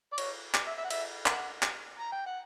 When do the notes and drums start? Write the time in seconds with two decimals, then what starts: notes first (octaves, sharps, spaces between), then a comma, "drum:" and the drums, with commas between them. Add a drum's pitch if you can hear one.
0.13 D5
0.18 C#5, drum: cymbal
0.55 D5, drum: clap
0.66 E5
0.78 E5
0.84 F#5
0.90 E5, drum: cymbal
1.26 A#4 D5 F#5, drum: clap
1.63 drum: clap
1.99 A#5
2.12 G5
2.26 F#5